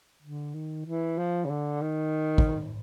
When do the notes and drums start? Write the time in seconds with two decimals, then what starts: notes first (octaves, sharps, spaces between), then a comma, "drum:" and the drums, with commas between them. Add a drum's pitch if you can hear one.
0.22 D3
0.54 D#3
0.86 E3
1.18 F3
1.45 C#3
1.50 D3
1.81 D#3
2.38 drum: kick